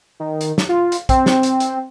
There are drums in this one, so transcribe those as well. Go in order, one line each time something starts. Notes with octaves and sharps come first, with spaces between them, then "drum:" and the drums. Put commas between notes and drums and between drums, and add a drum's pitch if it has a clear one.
D#3
drum: hi-hat
drum: snare
F4
drum: hi-hat
C4, drum: kick, hi-hat
drum: snare
drum: hi-hat
drum: hi-hat